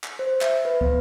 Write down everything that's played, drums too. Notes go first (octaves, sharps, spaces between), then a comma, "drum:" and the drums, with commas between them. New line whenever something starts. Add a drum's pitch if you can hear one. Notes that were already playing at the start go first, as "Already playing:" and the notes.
drum: clap
C5
E5, drum: clap
B4
B3, drum: kick